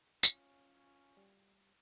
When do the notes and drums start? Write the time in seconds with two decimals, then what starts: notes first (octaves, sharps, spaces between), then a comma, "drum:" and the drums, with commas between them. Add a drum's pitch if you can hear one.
0.23 C#4 F4 F5, drum: tambourine
1.17 G3